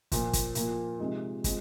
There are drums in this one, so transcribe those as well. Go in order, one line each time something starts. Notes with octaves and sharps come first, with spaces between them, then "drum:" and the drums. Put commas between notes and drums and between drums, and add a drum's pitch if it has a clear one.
A#2 F3 A#3 F4, drum: kick, hi-hat
drum: kick, hi-hat
A#2 F3 A#3 F4, drum: hi-hat
C3 F3 G#3 D#4
G#3 C4 F4, drum: kick, hi-hat